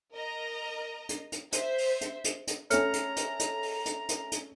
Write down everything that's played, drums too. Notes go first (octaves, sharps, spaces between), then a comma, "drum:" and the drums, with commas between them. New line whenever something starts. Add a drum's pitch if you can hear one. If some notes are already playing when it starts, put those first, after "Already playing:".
A#4 D#5 A#5
drum: hi-hat
drum: hi-hat
C5 E5, drum: hi-hat
drum: open hi-hat
drum: hi-hat
drum: hi-hat
drum: hi-hat
A3 C#4 C#5 A#5 F6 C#7, drum: hi-hat
drum: hi-hat
drum: hi-hat
drum: hi-hat
drum: open hi-hat
drum: hi-hat
drum: hi-hat
drum: hi-hat